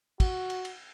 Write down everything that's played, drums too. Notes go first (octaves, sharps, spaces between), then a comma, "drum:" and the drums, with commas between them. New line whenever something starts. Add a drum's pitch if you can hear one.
F#4, drum: kick, cymbal
drum: cymbal
drum: cymbal